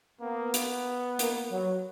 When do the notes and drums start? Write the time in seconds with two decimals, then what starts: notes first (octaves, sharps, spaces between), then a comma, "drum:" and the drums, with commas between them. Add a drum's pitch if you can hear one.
0.21 A#3 B3
0.54 B3, drum: hi-hat
1.19 A#3, drum: hi-hat
1.51 F#3